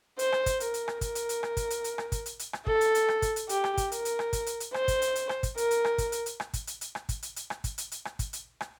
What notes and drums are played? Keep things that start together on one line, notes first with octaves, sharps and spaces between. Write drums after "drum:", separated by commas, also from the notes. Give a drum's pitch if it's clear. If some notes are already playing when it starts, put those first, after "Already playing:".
C5, drum: hi-hat
drum: rim click
drum: kick, hi-hat
A#4, drum: hi-hat
drum: hi-hat
drum: rim click
A#4, drum: kick, hi-hat
drum: hi-hat
drum: hi-hat
drum: rim click
drum: kick, hi-hat
drum: hi-hat
drum: hi-hat
drum: rim click
drum: kick, hi-hat
drum: hi-hat
drum: hi-hat
drum: rim click
A4, drum: kick
drum: hi-hat
drum: hi-hat
drum: rim click
drum: kick, hi-hat
drum: hi-hat
G4, drum: hi-hat
drum: rim click
drum: kick, hi-hat
A#4, drum: hi-hat
drum: hi-hat
drum: rim click
drum: kick, hi-hat
drum: hi-hat
drum: hi-hat
C5, drum: rim click
drum: kick, hi-hat
drum: hi-hat
drum: hi-hat
drum: rim click
drum: kick, hi-hat
A#4, drum: hi-hat
drum: hi-hat
drum: rim click
drum: kick, hi-hat
drum: hi-hat
drum: hi-hat
drum: rim click
drum: kick, hi-hat
drum: hi-hat
drum: hi-hat
drum: rim click
drum: kick, hi-hat
drum: hi-hat
drum: hi-hat
drum: rim click
drum: kick, hi-hat
drum: hi-hat
drum: hi-hat
drum: rim click
drum: kick, hi-hat
drum: hi-hat
drum: rim click